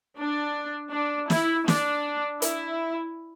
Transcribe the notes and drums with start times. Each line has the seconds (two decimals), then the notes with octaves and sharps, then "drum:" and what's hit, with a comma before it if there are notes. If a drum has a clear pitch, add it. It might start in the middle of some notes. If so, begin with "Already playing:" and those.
0.17 D4
0.92 D4
1.30 E4, drum: snare
1.68 D4, drum: snare
2.42 E4, drum: hi-hat